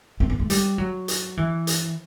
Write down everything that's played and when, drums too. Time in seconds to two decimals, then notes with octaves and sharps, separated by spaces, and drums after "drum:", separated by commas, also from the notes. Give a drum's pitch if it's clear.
0.20 C4
0.30 B3
0.39 A3
0.50 G3, drum: hi-hat
0.78 F#3
1.08 drum: hi-hat
1.37 E3
1.67 drum: hi-hat